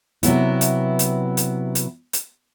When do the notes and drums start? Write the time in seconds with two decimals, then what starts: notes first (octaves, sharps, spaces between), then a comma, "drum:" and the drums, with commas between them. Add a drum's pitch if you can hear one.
0.23 C3 F#3 B3 E4, drum: hi-hat
0.61 drum: hi-hat
0.99 drum: hi-hat
1.37 drum: hi-hat
1.75 drum: hi-hat
2.13 drum: hi-hat